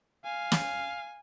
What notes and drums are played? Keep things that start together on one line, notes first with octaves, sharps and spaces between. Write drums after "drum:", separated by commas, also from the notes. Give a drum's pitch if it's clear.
F5 G#5
drum: snare